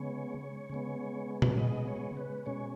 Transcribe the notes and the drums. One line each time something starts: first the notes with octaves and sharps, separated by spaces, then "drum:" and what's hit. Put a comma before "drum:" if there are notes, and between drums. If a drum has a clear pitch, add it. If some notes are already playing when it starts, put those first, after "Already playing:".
Already playing: C#3 G#3 B3 C#5
C#3 G#3 B3
drum: tom A#2
D#5
C#5
B4
B2 G#3 C#4 C#5